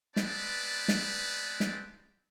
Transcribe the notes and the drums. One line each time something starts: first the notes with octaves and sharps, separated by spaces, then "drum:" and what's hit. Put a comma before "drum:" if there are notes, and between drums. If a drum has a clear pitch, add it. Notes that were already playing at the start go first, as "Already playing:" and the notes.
G#3 B3 C4 B4 D5 A5, drum: snare
drum: snare
drum: snare